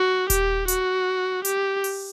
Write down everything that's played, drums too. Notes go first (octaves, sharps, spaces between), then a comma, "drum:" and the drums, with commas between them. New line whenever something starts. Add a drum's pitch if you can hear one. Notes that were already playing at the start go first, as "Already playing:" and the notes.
Already playing: F#4
G4, drum: kick D#1, hi-hat
F#4, drum: hi-hat
G4, drum: hi-hat
drum: open hi-hat